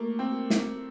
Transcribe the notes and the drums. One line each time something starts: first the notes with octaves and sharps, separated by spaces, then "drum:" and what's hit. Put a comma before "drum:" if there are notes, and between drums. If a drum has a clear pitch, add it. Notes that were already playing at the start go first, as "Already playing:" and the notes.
Already playing: A3 A#3
C4
drum: snare